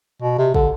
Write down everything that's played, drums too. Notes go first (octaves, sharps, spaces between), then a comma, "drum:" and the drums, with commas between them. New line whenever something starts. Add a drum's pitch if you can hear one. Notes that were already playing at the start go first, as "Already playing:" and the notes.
B2
C3
D3, drum: kick